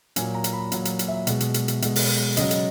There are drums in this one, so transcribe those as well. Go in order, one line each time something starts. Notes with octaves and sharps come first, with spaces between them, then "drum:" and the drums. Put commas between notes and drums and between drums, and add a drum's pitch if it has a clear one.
A#2 F#3 G#5, drum: hi-hat
A#5
drum: hi-hat
B5
A#2 F#3, drum: hi-hat
drum: hi-hat
drum: hi-hat
E5
B2 G#3, drum: hi-hat
drum: hi-hat
drum: hi-hat
drum: hi-hat
B2 G#3, drum: hi-hat
drum: open hi-hat
C#3 F#3 D#5, drum: hi-hat
drum: hi-hat